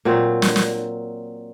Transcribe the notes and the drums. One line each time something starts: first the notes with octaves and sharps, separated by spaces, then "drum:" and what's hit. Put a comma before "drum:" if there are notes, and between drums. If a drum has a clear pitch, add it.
A#2 F#3 C4
drum: snare
drum: snare